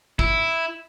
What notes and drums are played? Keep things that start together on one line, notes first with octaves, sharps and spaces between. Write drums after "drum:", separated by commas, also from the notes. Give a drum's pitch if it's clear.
E4, drum: kick